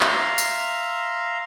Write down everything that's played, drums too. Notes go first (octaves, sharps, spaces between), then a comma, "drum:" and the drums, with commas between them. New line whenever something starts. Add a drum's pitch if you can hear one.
E5 F5 A#5 C6, drum: clap
drum: tambourine